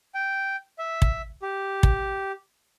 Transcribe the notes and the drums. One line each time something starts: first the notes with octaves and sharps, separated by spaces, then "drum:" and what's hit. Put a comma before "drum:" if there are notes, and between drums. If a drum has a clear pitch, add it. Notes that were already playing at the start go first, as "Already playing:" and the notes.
G5
E5
drum: kick
G4
drum: kick